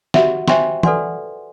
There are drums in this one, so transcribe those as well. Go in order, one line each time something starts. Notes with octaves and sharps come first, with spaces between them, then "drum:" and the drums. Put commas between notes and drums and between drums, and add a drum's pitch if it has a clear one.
F#4 G4 E5 F#5, drum: snare
C5 E5 G5 G#5 C6 C#6, drum: snare
A4 B4 D5 F#5 G#5 C6, drum: tom